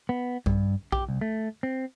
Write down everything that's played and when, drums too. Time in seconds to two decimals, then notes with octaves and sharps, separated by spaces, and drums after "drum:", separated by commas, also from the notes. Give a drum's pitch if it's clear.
0.09 B3
0.46 G2, drum: kick A#1
0.92 G4, drum: kick A#1
1.08 C2
1.21 A3
1.63 C4